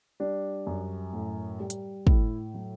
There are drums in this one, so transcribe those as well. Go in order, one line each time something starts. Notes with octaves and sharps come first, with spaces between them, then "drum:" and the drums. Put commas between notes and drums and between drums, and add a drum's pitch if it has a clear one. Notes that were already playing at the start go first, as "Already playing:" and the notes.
G3 D4
F#2
A2
G3
drum: hi-hat
A2 E4, drum: kick
F#3